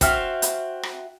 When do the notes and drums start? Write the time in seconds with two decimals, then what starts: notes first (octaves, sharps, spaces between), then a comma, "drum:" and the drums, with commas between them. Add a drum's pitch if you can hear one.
0.01 C4 F#4 E5 F6, drum: kick, hi-hat
0.42 drum: hi-hat
0.83 drum: rim click